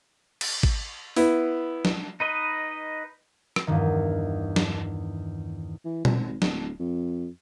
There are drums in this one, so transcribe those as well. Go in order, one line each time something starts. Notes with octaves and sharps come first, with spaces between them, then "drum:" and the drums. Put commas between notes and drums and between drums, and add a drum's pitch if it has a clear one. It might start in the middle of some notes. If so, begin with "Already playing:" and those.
drum: cymbal
drum: kick G#1
B3 E4, drum: open hi-hat
drum: snare
D#4 B4 D#5
drum: rim click
E2 G2 D#3
drum: snare
E3
F2, drum: tom B2
G#1
D1, drum: snare
F2